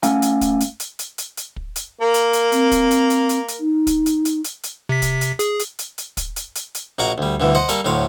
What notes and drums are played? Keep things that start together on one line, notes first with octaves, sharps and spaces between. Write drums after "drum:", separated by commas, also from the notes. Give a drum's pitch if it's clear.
A3 C#4 F5 F#5 G#5, drum: hi-hat
drum: hi-hat
drum: kick, hi-hat
drum: hi-hat
drum: hi-hat
drum: hi-hat
drum: hi-hat
drum: hi-hat
drum: kick
drum: hi-hat
A#3 A#4
drum: hi-hat
drum: hi-hat
C4, drum: hi-hat
drum: kick, hi-hat
drum: hi-hat
drum: hi-hat
drum: hi-hat
drum: hi-hat
D#4
drum: kick, hi-hat
drum: hi-hat
drum: hi-hat
drum: hi-hat
drum: hi-hat
C3 B6
drum: kick, hi-hat
drum: hi-hat
G#4, drum: hi-hat
drum: hi-hat
drum: hi-hat
drum: hi-hat
drum: kick, hi-hat
drum: hi-hat
drum: hi-hat
drum: hi-hat
A#1 A#3 F#4 D5 A#5 D6
D2 G3
D2 G2 D3 E3
C5 D#5 F#5
G3 A#3 A4 F5, drum: hi-hat
D2 A2 F#3 F5 C6